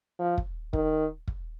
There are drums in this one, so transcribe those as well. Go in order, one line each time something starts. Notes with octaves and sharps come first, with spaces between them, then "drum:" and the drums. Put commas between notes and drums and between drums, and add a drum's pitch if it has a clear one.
F3
drum: kick
D#3, drum: kick
drum: kick